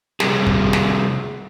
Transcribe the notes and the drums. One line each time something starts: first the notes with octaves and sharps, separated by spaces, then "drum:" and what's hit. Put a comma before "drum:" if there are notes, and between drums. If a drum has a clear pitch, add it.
C3 G3 G#4, drum: snare
drum: kick
drum: snare